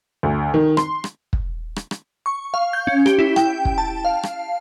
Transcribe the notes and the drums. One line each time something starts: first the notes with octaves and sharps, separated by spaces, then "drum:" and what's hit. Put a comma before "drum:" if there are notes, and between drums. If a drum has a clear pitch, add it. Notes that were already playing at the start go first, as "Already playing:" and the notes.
D2
D#3
C6, drum: rim click
drum: rim click
drum: kick
drum: rim click
drum: rim click
C#6
F5
G6
C#4
G4, drum: rim click
E4
G5, drum: rim click
drum: kick
A5
F5
drum: rim click